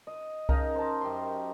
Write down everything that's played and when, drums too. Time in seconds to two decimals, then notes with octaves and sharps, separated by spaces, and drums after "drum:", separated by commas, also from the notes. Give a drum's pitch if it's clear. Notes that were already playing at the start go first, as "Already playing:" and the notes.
0.07 D#5
0.49 C#3 D#4 A#4 A#5, drum: kick C2
0.75 C5 A5
1.01 F#2 G4 C6